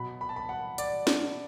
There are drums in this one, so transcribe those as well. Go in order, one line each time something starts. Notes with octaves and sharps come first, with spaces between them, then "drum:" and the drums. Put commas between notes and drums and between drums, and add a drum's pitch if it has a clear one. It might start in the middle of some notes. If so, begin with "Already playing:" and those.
Already playing: B2 F#3 B5
B5
A5
B5
F#5
D5, drum: hi-hat
drum: snare